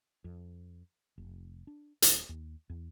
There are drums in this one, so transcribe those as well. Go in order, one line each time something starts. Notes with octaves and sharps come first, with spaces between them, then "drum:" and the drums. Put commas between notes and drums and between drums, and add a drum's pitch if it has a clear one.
F2
F1
D4
D#1, drum: hi-hat
D#2
E2